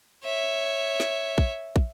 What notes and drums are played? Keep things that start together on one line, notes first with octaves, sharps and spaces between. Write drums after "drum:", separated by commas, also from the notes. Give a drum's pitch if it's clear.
C#5 E5
drum: snare
drum: kick
drum: kick